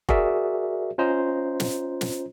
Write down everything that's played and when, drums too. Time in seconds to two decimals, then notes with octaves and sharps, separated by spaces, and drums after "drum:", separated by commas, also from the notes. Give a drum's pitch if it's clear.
0.09 F#4 G#4 A#4 D5 E5, drum: kick F1
0.98 C#4 F4 C5 D#5 A#5
1.60 drum: snare
2.01 drum: snare